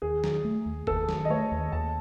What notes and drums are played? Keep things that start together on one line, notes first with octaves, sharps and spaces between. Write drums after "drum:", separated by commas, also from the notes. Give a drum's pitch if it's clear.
D#2 G#4
D#3, drum: snare
A3
D#2
D#2 A4, drum: kick F1
D#3, drum: snare
D#5
A3 C#5
D#2
D#2 A5